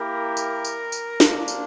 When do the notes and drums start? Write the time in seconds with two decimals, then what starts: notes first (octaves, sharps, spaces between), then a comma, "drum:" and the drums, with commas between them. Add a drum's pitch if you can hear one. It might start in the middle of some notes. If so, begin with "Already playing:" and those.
Already playing: A#3 E4 G4 A#4
0.37 drum: tambourine
0.65 drum: tambourine
0.92 drum: tambourine
1.20 A#3 D4 F4, drum: snare
1.48 drum: tambourine